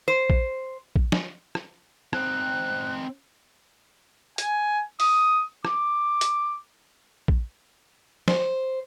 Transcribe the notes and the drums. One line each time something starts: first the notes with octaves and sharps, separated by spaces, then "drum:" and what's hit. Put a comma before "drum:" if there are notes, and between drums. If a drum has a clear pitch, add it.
C5
drum: kick A#1
drum: kick A#1
drum: snare
drum: rim click
C4 D#4 F#6, drum: rim click
G#5, drum: hi-hat
D#6, drum: open hi-hat
D6, drum: rim click
drum: hi-hat
drum: kick A#1
C5, drum: snare